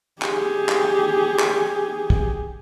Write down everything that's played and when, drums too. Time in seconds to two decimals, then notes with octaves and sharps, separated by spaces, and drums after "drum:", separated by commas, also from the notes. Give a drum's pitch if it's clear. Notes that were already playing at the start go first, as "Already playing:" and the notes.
0.22 G4 G#4, drum: clap
0.69 drum: clap
1.40 drum: clap
2.10 drum: kick